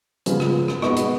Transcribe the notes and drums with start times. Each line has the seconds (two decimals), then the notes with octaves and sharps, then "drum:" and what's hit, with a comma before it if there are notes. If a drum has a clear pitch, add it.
0.26 C#3 F3 G#3 B3 F4, drum: hi-hat
0.40 drum: rim click
0.68 drum: rim click
0.82 B2 G#3 B3 D#4 C#6, drum: rim click
0.97 drum: hi-hat